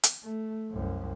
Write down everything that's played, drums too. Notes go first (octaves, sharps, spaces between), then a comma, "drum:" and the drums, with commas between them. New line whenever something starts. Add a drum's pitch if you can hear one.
drum: hi-hat
A3
C2 F#2